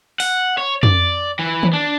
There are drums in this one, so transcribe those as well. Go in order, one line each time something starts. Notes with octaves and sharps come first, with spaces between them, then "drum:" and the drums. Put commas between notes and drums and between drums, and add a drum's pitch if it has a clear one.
F#5, drum: open hi-hat
C#5
D5, drum: tom
E3
drum: tom D#3
D4